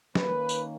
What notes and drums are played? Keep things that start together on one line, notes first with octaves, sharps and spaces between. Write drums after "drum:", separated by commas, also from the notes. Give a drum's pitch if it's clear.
D#3 A#3 C#4 B4, drum: snare
drum: tambourine